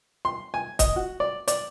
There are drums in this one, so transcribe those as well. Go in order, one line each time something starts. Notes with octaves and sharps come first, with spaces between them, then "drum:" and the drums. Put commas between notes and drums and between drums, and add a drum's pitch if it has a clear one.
C6
G#5
D#5, drum: kick, hi-hat
F#4
D5
D5, drum: hi-hat